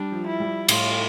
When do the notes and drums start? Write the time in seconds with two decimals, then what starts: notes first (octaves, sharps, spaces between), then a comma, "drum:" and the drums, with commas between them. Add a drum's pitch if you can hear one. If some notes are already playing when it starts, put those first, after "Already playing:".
Already playing: G3 D4
0.12 F3
0.26 E4
0.40 G3
0.69 A2 F4, drum: cymbal